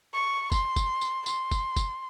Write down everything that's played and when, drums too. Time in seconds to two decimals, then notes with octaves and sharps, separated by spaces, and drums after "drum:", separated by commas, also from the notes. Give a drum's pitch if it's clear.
0.14 C#6
0.52 C6, drum: kick F#1, tambourine
0.76 drum: kick F#1, tambourine
1.01 drum: tambourine
1.26 C6, drum: tambourine
1.51 drum: kick F#1, tambourine
1.77 drum: kick F#1, tambourine